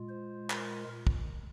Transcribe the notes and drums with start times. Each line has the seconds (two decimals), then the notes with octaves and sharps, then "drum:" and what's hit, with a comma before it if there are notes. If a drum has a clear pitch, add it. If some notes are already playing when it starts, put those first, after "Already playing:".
Already playing: A#2 G#3 F4
0.09 C5
0.50 A#4, drum: clap
1.07 drum: kick